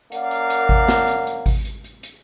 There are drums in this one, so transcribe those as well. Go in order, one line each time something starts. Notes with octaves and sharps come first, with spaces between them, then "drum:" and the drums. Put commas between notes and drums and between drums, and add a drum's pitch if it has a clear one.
A#3 C#4 A#4 D5 F5 F#5, drum: hi-hat
drum: hi-hat
drum: hi-hat
drum: kick G#1
drum: snare
drum: hi-hat
drum: hi-hat
drum: kick G#1, open hi-hat
drum: hi-hat
drum: hi-hat
drum: hi-hat